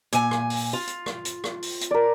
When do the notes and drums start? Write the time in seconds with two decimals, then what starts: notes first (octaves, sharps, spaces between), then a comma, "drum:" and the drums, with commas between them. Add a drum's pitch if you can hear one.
0.13 A#2 G#5, drum: hi-hat
0.31 drum: rim click
0.50 drum: open hi-hat
0.73 F4
0.88 drum: hi-hat
1.06 drum: rim click
1.25 drum: hi-hat
1.44 drum: rim click
1.62 drum: open hi-hat
1.81 drum: hi-hat
1.91 A#4 D5